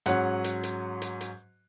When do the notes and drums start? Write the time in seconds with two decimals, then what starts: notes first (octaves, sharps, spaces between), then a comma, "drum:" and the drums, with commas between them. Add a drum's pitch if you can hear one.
0.06 G#2 F#3 C#4 F#5, drum: hi-hat
0.44 drum: hi-hat
0.63 drum: hi-hat
1.02 drum: hi-hat
1.21 drum: hi-hat